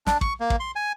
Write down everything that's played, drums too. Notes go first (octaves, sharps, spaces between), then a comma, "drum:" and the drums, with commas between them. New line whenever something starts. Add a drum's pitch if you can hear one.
D4, drum: snare
C#6, drum: kick
A#3
drum: kick
C6
G#5